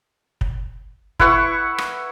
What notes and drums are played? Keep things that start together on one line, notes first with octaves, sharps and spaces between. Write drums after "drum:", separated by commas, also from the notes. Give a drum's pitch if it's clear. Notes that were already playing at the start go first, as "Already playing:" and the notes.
drum: kick
E4 B4 F#5 C#6, drum: kick
drum: rim click